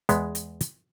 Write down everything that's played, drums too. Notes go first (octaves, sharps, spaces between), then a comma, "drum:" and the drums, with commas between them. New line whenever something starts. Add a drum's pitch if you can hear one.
E2 G#3 B3, drum: hi-hat
drum: hi-hat
drum: hi-hat